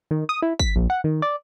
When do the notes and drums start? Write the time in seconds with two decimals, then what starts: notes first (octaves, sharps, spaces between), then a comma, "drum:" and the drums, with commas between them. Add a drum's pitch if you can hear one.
0.11 D#3
0.29 D#6
0.42 E4
0.59 B6, drum: kick
0.76 A#1
0.90 F#5
1.04 D#3
1.22 D5